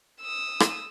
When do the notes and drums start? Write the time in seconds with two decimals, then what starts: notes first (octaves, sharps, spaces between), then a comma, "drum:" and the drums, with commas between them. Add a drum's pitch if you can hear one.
0.21 D#6 E6
0.60 drum: rim click